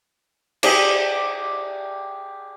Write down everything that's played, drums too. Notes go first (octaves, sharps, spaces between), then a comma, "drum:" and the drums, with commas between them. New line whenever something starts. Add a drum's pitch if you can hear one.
G4 G#4 D5, drum: cymbal